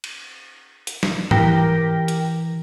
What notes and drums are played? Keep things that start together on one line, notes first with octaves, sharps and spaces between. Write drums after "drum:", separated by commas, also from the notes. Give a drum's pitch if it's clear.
drum: cymbal
drum: hi-hat
drum: snare
E3 G4 A#4 G5, drum: tom G#2
drum: hi-hat